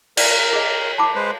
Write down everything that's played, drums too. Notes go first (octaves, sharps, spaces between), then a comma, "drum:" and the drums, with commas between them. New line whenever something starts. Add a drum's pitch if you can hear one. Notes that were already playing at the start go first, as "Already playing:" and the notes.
A#4 D5, drum: cymbal
G#4 D#5
A5 B5 D6
G#3 B4 C5